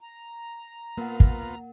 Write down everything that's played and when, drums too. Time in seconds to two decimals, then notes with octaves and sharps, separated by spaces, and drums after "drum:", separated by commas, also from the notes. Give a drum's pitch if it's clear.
0.01 A#5
0.98 A#3 B3 F4 A#4 F#5
1.20 drum: kick